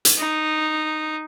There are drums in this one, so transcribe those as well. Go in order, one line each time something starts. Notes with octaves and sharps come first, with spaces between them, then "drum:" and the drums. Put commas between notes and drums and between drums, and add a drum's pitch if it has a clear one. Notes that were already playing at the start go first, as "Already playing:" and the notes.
drum: hi-hat
D#4